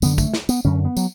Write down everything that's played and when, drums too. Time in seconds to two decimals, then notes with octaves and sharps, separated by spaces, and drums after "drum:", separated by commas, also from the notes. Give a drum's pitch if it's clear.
0.02 F#2 D3 B3, drum: tambourine
0.18 A3, drum: kick, tambourine
0.34 drum: snare
0.49 B3, drum: tambourine
0.65 F#2 D3 C#4
0.85 B3
0.97 F#3, drum: tambourine